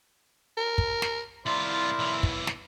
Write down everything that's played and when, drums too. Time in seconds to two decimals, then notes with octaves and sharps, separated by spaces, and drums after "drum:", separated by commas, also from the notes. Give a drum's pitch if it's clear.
0.57 A#4
0.78 drum: kick
1.02 drum: snare
1.46 C2 E4 F4 A#4 C5 D5
1.99 B1 E3
2.23 drum: kick
2.47 drum: snare